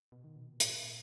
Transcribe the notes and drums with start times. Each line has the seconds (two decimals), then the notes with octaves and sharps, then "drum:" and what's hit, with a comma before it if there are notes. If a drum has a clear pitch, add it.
0.12 B2
0.24 D#3
0.36 B2
0.48 A#2
0.60 G#2, drum: hi-hat
0.72 A#2